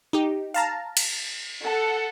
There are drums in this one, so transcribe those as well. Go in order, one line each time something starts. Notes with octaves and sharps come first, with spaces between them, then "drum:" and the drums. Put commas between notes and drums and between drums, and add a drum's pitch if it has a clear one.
D#4 G4
F5 A5 A#5
drum: cymbal
A4 F#5 C#7